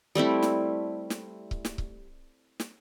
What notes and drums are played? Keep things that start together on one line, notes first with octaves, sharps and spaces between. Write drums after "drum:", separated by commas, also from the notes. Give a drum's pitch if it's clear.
G3 A3 C4 E4
drum: snare
drum: snare
drum: kick C#1
drum: snare
drum: kick C#1
drum: snare